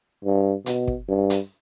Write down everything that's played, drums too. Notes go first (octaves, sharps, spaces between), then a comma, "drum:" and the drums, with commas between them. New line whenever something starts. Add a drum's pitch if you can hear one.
G2
B2, drum: hi-hat
drum: kick
G2
drum: hi-hat